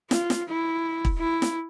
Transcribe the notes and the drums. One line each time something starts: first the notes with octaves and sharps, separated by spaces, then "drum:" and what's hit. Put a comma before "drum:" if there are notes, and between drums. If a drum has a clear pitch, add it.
F4, drum: snare
drum: snare
E4
drum: kick
E4
drum: snare